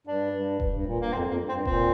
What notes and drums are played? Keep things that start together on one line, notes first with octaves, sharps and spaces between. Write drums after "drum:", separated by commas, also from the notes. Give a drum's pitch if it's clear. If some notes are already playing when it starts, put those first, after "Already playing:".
G2 D4
G2
drum: kick E1
G2
A#2
G2 A#3
F2 C4
F2 A#3
G2
C4
G2
A#2 C4, drum: kick E1